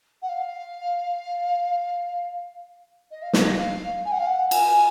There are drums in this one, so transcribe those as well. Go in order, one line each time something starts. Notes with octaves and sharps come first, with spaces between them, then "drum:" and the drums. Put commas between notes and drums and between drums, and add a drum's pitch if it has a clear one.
F#5
F5
D#5
F5
D#5, drum: snare
F5
G#5
F#5
F5
F#5
G#5, drum: cymbal